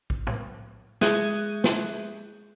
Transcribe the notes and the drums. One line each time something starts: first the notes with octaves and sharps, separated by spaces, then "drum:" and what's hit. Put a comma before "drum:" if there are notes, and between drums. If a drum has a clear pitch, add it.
drum: kick A#1
drum: tom
G#3 G#4 E5 F#6 G6 D#7, drum: snare
drum: snare